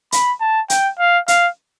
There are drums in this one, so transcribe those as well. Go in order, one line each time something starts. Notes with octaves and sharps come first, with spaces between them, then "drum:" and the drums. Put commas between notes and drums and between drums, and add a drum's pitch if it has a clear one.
B5, drum: hi-hat
A5
G5, drum: hi-hat
F5
F5, drum: hi-hat